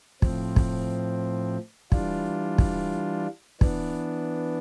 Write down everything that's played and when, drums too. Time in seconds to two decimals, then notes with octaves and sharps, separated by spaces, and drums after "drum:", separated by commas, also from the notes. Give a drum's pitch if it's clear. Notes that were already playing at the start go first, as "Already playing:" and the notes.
0.22 A2 F3 C4, drum: kick
0.56 drum: kick
1.92 E3 G3 D4 F4, drum: kick
2.58 drum: kick
3.61 E3 B3 D4, drum: kick